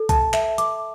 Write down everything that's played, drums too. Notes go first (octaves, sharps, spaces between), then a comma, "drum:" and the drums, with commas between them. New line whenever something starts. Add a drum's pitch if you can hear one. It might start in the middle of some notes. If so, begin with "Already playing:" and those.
Already playing: A4
A5, drum: kick B1, hi-hat
E5, drum: clap
D6, drum: hi-hat